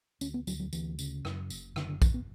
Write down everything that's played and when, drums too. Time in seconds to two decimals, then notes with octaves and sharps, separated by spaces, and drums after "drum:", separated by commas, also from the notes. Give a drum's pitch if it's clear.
0.21 D2 C#4, drum: tambourine
0.34 B3
0.47 D2 F#3, drum: tambourine
0.60 F#3
0.73 D2 E3, drum: tambourine
0.99 C#3, drum: tambourine
1.25 F#2, drum: rim click
1.50 F#1, drum: tambourine
1.76 F#2 D3, drum: rim click
1.89 D3
2.02 F#1 E3, drum: kick A#1, tambourine
2.14 B3